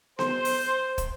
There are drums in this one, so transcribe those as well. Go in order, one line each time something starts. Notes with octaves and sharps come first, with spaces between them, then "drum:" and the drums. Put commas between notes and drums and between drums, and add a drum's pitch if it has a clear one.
C5, drum: snare B3
drum: open hi-hat
drum: kick, hi-hat